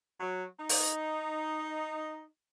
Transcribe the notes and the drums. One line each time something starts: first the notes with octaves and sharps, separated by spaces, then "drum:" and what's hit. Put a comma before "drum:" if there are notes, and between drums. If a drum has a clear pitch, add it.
F#3
D#4
drum: open hi-hat